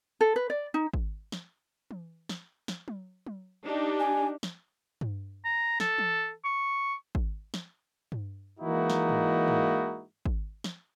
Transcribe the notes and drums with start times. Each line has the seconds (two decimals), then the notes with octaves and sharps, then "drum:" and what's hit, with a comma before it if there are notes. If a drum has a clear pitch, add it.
0.21 A4
0.36 B4
0.50 D5
0.74 D#4
0.94 drum: kick G#1
1.32 drum: snare
1.91 drum: tom E3
2.29 drum: snare
2.68 drum: snare
2.88 drum: tom F#3
3.27 drum: tom F#3
3.65 D4 D#4 G4
4.00 G#5
4.43 drum: snare
5.01 drum: tom G2
5.45 A#5
5.80 A4, drum: snare
5.98 drum: tom E3
6.45 C#6
7.15 drum: kick G#1
7.54 drum: snare
8.12 drum: tom G2
8.60 E3 G#3 A#3 D#4 E4 F#4
8.90 drum: snare
9.09 drum: tom G#2
9.48 drum: tom G#2
10.26 drum: kick G#1
10.64 drum: snare